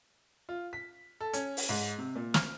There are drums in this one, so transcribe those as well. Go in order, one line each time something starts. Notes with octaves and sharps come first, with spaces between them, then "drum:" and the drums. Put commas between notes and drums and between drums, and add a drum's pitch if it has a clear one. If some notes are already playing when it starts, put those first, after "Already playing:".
F4
B6
A4
C#4, drum: hi-hat
drum: open hi-hat
G#2
C3
A#2
F6, drum: snare